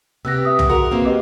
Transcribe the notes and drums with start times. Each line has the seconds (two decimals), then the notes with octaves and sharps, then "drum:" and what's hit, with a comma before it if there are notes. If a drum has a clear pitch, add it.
0.25 C3 B3 G4 E6 F#6 A#6
0.45 E5 D#6
0.59 drum: tom B1
0.70 F#4 G#4 A#4 F#5 F7
0.91 A#3 C4 B4
1.05 G4 D#5 D6